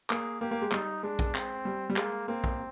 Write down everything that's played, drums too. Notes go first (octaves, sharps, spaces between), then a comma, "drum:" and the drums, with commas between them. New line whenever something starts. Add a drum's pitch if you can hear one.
A#3 G#4, drum: clap
A#3 G4
A#3
G#3
G3 D#4, drum: clap
G#3 D4
drum: kick A#1
C4, drum: clap
G3
G3
G#3 A#3, drum: clap
A#3 C4
drum: kick A#1